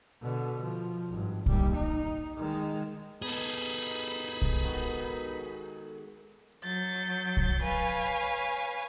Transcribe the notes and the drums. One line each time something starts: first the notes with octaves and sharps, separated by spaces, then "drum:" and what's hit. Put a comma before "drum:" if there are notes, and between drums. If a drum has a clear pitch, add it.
B2 D3
F3
G#1 G2
D#2 G3, drum: kick B1
D#4
D#3 G#3
B3 D#4 G#4 A4 D#5 B5
drum: kick B1
G#2 D#3 F#4
F#3 G6 A6
drum: kick B1
B4 C#5 F5 G#5